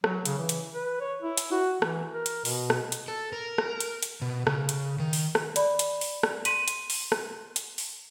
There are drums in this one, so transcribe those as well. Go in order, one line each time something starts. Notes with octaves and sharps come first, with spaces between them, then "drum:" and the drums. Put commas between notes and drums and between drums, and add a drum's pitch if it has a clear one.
F#3, drum: rim click
C#3, drum: hi-hat
E3
drum: hi-hat
B4
C#5
E4
drum: hi-hat
F#4
E3, drum: rim click
A#4
drum: hi-hat
B2, drum: open hi-hat
drum: rim click
drum: hi-hat
A4
A#4
drum: rim click
drum: hi-hat
drum: hi-hat
B2
C#3, drum: rim click
drum: hi-hat
D#3
drum: open hi-hat
drum: rim click
D5 B5, drum: hi-hat
drum: hi-hat
drum: open hi-hat
drum: rim click
C6 B6 D#7 F#7, drum: hi-hat
drum: hi-hat
drum: open hi-hat
drum: rim click
drum: hi-hat
drum: open hi-hat